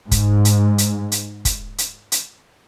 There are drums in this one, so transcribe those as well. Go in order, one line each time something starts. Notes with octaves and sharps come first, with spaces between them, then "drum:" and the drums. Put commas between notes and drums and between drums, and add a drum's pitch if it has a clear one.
G#2, drum: kick, hi-hat
drum: hi-hat
drum: hi-hat
drum: hi-hat
drum: kick, hi-hat
drum: hi-hat
drum: hi-hat